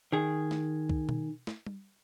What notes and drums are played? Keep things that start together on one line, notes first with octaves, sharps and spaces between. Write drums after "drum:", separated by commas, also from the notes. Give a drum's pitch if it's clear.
D#3 G#4
drum: snare
drum: kick C2
drum: tom B2
drum: snare
drum: tom G3